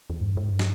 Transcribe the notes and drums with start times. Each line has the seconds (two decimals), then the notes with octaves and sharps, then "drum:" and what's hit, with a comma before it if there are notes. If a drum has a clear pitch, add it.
0.10 E2
0.21 G#2
0.26 G2
0.37 G#2
0.49 G2
0.59 drum: snare